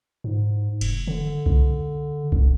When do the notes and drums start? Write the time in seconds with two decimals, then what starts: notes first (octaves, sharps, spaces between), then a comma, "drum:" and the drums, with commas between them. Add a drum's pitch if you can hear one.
0.24 G#2
0.81 F1, drum: cymbal
1.07 D3
1.46 drum: kick C2
2.32 D#1, drum: kick C2